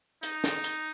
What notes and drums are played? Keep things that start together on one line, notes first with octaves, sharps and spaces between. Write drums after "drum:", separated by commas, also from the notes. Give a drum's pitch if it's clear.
D#4, drum: hi-hat
drum: snare
drum: hi-hat